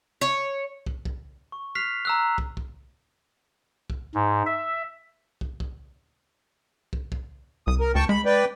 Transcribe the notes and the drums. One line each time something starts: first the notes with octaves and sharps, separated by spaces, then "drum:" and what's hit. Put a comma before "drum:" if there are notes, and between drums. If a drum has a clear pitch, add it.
C#5
drum: kick
drum: kick
C#6
F6 F#6 B6 C7 F7
A#5 E6 F#6
drum: kick
drum: kick
drum: kick
G#2
E5
drum: kick
drum: kick
drum: kick
drum: kick
C2 D#6
A#4
D2 G5 A5 C#6
G#3 B5
B4 D5 G5